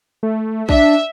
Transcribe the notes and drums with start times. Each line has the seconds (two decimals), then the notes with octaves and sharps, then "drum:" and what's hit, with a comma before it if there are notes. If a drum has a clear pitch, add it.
0.23 A3
0.69 D4 E5, drum: kick A#1